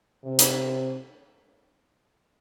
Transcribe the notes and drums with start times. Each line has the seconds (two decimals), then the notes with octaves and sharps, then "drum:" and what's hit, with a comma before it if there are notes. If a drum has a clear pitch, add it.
0.24 C3
0.39 drum: hi-hat